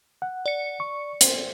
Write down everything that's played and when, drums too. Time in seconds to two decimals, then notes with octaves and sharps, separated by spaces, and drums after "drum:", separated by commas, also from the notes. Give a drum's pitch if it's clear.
0.22 F#5
0.46 D5 C#7
0.80 C#6
1.21 C5, drum: hi-hat